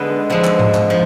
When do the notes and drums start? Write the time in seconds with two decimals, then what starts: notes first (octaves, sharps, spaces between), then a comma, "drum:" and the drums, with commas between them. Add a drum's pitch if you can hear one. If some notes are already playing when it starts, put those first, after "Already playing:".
Already playing: D3 G#3 B3 B4 D#5
0.30 D3 F3 G#3
0.44 drum: clap
0.59 drum: tom G#2
0.74 drum: clap
0.90 F3